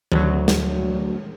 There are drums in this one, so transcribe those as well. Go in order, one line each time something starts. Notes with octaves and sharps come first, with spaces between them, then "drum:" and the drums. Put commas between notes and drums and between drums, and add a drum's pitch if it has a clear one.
D2 F#3, drum: tom D#3
drum: snare